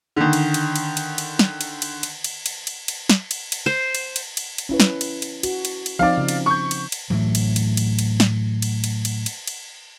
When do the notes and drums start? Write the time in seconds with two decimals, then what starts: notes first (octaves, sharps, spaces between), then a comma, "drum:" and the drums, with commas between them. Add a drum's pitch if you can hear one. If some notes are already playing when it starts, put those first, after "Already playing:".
0.16 D3 D#3
0.33 drum: cymbal
0.54 drum: cymbal
0.76 drum: cymbal
0.97 drum: cymbal
1.18 drum: cymbal
1.39 drum: snare
1.61 drum: cymbal
1.82 drum: cymbal
2.03 drum: cymbal
2.24 drum: cymbal
2.46 drum: cymbal
2.67 drum: cymbal
2.88 drum: cymbal
3.09 drum: snare
3.31 drum: cymbal
3.52 drum: cymbal
3.66 C5
3.95 drum: cymbal
4.16 drum: cymbal
4.37 drum: cymbal
4.58 drum: cymbal
4.69 C#4 E4 B4
4.80 drum: snare
5.01 drum: cymbal
5.22 drum: cymbal
5.43 F#4, drum: cymbal
5.65 drum: cymbal
5.86 drum: cymbal
5.99 F3 C4 D#4 D5 F5
6.18 C#3
6.28 drum: cymbal
6.46 C#6 G6
6.71 drum: cymbal
6.92 drum: cymbal
7.10 A2 E3 F#3
7.35 drum: cymbal
7.56 drum: cymbal
7.77 drum: cymbal
7.99 drum: cymbal
8.20 drum: snare
8.62 drum: cymbal
8.84 drum: cymbal
9.05 drum: cymbal
9.26 drum: cymbal
9.47 drum: cymbal